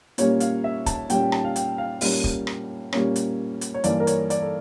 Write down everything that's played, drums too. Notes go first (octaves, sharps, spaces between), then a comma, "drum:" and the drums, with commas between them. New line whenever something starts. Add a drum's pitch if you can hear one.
A#2 G3 A#3 C#4 C#5, drum: hi-hat
F5, drum: hi-hat
E5
A5, drum: kick, hi-hat
A#2 G3 A#3 C#4 G5, drum: hi-hat
A5, drum: rim click
F5
G5, drum: hi-hat
F5
A#2 G3 A#3 C#4, drum: open hi-hat
drum: kick
drum: rim click
A#2 G3 A#3 C#4, drum: rim click
drum: hi-hat
drum: hi-hat
C#5
G2 E3 A#3 D5, drum: hi-hat
A#4
C#5, drum: hi-hat
D5, drum: hi-hat
A4